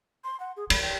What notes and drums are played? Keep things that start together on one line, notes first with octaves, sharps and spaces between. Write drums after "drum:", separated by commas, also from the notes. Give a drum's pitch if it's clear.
C6
F#5
G#4
E3 B5, drum: cymbal
G5